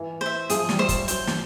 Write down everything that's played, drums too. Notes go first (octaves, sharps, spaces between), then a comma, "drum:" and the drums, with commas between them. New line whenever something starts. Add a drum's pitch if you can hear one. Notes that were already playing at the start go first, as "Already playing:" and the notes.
Already playing: E3
C5 E5
F3 G#4, drum: hi-hat
G3, drum: snare
F#3 C5 E5
drum: kick, hi-hat
F#3 C5, drum: hi-hat
drum: snare